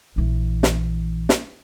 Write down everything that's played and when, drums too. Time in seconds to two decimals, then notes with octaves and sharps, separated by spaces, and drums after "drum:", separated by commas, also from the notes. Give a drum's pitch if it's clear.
0.16 A#1 E3
0.63 drum: snare
1.29 drum: snare